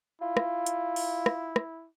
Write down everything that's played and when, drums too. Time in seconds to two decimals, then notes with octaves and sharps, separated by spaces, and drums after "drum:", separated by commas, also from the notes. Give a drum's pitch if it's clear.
0.22 E4 F4
0.37 drum: rim click
0.66 drum: hi-hat
0.96 drum: open hi-hat
1.26 drum: rim click
1.56 drum: rim click